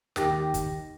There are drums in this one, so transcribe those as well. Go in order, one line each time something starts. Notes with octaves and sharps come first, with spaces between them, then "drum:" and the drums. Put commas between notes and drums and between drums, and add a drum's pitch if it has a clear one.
D#2 D#3 G4 A#6, drum: snare
drum: kick, hi-hat